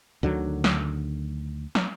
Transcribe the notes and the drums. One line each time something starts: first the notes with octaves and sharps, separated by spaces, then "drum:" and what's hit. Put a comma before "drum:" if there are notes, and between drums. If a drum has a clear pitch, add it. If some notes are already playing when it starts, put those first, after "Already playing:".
D2 D3 D#3 F#3
drum: snare
drum: snare